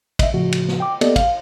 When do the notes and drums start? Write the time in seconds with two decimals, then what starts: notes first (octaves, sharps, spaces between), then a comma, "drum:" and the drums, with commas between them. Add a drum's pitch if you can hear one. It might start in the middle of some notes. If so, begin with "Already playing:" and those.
0.19 D#5 E5, drum: kick, cymbal
0.33 A2 C#3 F3 F#4
0.52 drum: cymbal
0.68 drum: snare
0.80 G5 D6
1.01 A#3 B3 G4 A4 D5 D#5, drum: cymbal
1.16 F5, drum: kick, cymbal